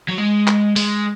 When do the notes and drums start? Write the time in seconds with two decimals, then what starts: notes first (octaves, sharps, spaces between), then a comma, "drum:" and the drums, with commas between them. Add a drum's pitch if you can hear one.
0.09 F#3
0.18 G#3
0.47 drum: clap
0.76 G#3, drum: open hi-hat